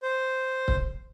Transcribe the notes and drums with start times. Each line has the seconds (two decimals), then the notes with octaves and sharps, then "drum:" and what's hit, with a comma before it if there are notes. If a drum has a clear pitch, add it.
0.03 C5
0.68 drum: kick C#1